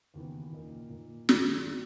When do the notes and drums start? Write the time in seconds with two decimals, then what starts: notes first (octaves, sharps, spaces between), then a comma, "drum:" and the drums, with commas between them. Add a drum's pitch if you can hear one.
0.14 D#2 C#3 E3 B3
0.52 A#2 A#3 D#4 A#4
0.90 A#2 A#3 D#4 A#4
1.29 G#1 F#2 D#3 A#3 E4, drum: snare
1.68 D#3 A#3 E4